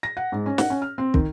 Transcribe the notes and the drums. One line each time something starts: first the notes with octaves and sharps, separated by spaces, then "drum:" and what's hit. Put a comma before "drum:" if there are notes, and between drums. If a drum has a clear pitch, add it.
A#6
F#5
G#2
C#4
F#5, drum: snare
C#4
F6
C4
D#3, drum: kick